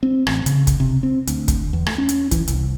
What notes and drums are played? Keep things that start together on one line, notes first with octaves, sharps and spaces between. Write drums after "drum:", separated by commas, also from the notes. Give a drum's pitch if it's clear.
C4
A1, drum: rim click
C#3, drum: hi-hat
drum: kick, hi-hat
C3
C4
D2, drum: hi-hat
drum: kick, hi-hat
E2
A3, drum: rim click
C#4
drum: hi-hat
E3, drum: kick, hi-hat
C2, drum: hi-hat